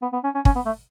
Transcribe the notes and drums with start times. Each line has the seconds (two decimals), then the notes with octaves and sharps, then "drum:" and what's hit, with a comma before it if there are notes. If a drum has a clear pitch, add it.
0.02 B3
0.13 B3
0.24 C#4
0.34 C#4
0.45 C#4, drum: kick
0.56 B3
0.66 A3